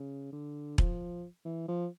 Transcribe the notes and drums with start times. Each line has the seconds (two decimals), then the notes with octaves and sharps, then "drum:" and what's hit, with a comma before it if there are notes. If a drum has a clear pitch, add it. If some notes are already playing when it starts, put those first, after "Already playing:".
Already playing: C#3
0.32 D3
0.78 F3, drum: kick E1
1.45 E3
1.68 F3